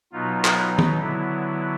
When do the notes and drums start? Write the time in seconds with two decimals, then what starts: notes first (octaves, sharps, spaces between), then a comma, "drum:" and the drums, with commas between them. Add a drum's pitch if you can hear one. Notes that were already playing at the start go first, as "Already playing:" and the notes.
0.12 B2 F#3 B3 D#4 F4
0.45 drum: clap
0.79 drum: tom D#3
1.00 D3 F#3 B3 E4